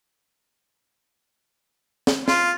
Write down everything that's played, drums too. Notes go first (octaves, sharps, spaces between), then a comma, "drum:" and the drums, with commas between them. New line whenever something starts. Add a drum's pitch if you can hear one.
drum: snare
F4, drum: snare